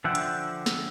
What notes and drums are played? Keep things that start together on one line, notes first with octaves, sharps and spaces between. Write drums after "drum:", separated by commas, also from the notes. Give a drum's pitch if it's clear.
D3 F3 E5 F#5 G5
drum: hi-hat
drum: snare